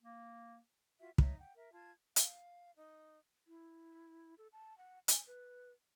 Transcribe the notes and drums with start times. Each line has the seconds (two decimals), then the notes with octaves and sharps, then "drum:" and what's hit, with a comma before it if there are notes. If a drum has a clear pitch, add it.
0.03 A#3
1.00 F4 F#4 E5
1.18 D#4 C#5 E5, drum: kick
1.38 F#5 G5
1.55 A#4 E5
1.74 F4 A5 G#6
2.16 F5, drum: hi-hat
2.77 D#4
3.48 E4
4.38 A4
4.53 A5
4.78 F#5
5.08 G#5, drum: hi-hat
5.27 B4